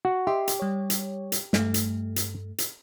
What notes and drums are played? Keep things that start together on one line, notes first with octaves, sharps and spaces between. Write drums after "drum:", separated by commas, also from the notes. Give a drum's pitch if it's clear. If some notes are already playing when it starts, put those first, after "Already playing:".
F#4
G4 D#5 E5 C6
drum: hi-hat
G3 C#5
drum: hi-hat
drum: hi-hat
G2 A3, drum: snare
drum: hi-hat
drum: hi-hat
drum: hi-hat